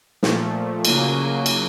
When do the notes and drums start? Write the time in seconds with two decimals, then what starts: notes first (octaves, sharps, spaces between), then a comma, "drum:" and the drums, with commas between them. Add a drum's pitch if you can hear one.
0.23 A#2 F3 A3, drum: snare
0.85 C#3 F#3 A#3, drum: cymbal
1.46 drum: cymbal